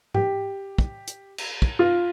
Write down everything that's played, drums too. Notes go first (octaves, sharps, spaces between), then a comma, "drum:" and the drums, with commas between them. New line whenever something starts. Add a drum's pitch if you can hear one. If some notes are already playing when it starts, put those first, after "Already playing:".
G4, drum: tom G#2
drum: kick
drum: hi-hat
drum: cymbal
drum: kick
F4